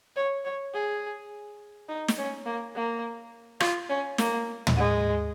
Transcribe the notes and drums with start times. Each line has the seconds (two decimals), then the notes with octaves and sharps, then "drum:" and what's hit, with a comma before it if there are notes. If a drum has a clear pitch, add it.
0.16 C#5
0.45 C#5
0.74 G#4
1.89 D#4
2.08 drum: snare
2.18 C#4
2.46 A#3
2.75 A#3
3.60 F4, drum: rim click
3.89 C#4
4.18 A#3, drum: snare
4.67 drum: tom
4.76 G#3